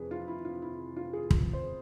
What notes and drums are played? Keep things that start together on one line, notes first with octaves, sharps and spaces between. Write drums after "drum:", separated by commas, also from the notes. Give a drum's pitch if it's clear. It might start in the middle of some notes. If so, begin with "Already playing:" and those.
Already playing: F2 C3 G#4 B4
F4
E4
F4
E4
F4
G#4
drum: kick
C5